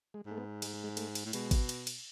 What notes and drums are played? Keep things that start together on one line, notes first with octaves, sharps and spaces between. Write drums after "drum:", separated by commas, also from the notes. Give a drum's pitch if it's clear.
G#3
G#2
A3
B3
G#3, drum: cymbal
G#3
A3, drum: cymbal
drum: cymbal
A2
B2 G#3, drum: cymbal
drum: kick G#1, cymbal
drum: cymbal
drum: cymbal